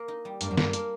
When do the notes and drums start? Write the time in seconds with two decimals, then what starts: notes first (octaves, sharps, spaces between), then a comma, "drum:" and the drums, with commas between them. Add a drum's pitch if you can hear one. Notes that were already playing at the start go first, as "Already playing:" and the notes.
Already playing: A#3
0.08 D#4
0.25 G3
0.41 G2 A#3, drum: hi-hat
0.51 F#2
0.57 G2 A#3, drum: snare
0.73 A#3, drum: hi-hat